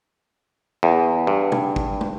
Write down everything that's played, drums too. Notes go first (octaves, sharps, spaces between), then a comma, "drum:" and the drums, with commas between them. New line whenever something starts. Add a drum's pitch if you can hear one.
E2
G2
drum: tom
drum: kick
drum: tom